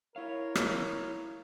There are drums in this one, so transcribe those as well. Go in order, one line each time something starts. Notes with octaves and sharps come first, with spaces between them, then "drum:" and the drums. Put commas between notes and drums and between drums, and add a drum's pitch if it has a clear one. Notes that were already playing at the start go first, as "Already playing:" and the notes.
E4 A#4 C#5 F5
drum: rim click